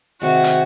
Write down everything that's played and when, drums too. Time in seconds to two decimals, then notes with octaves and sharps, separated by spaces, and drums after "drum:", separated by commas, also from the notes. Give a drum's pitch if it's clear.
0.22 C3 D#3 G#3 F#4
0.44 drum: hi-hat